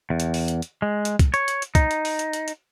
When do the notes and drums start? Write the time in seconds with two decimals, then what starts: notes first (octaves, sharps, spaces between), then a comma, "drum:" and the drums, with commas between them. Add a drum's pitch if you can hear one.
0.10 E2
0.20 drum: hi-hat
0.34 drum: open hi-hat
0.48 drum: hi-hat
0.62 drum: hi-hat
0.82 G#3
1.05 drum: hi-hat
1.19 drum: kick C2, hi-hat
1.34 C#5, drum: hi-hat
1.48 drum: hi-hat
1.62 drum: hi-hat
1.75 D#4, drum: kick C2, hi-hat
1.91 drum: hi-hat
2.05 drum: open hi-hat
2.19 drum: hi-hat
2.33 drum: hi-hat
2.48 drum: hi-hat